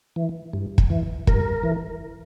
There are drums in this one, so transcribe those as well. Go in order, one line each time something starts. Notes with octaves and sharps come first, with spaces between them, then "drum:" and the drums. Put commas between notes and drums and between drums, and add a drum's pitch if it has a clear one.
E3
G2
drum: kick
E3
G2 A#4, drum: kick
E3